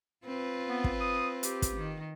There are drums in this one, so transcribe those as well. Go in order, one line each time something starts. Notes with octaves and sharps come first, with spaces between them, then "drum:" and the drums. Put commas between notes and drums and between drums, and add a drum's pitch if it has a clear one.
C4 F4 B4
B3
drum: kick
D#6
G4, drum: hi-hat
drum: kick, hi-hat
D#3